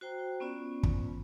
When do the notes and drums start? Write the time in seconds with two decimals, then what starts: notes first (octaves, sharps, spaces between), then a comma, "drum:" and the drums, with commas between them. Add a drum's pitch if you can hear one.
0.01 F#4 C5 G5 A#5
0.40 B3 C#4 F4 D5
0.84 drum: kick